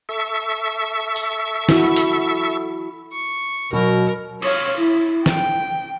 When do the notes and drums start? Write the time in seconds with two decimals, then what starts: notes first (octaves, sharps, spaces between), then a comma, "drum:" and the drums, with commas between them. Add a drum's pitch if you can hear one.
0.09 A4 E5 C#6
1.16 drum: tambourine
1.69 E4 F#4, drum: snare
1.96 drum: hi-hat
3.12 C#6
3.73 B2 F#3 A#4
4.42 C#5 F5, drum: cymbal
4.78 E4
5.26 G5, drum: snare